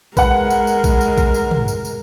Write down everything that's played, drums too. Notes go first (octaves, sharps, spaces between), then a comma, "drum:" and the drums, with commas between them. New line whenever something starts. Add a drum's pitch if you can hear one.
G#3 A#4 B4 F#5, drum: kick A#1, tambourine
drum: tambourine
drum: tambourine
drum: kick A#1, tambourine
drum: tambourine
drum: kick A#1, tambourine
drum: tambourine
drum: tom
drum: tambourine
drum: tambourine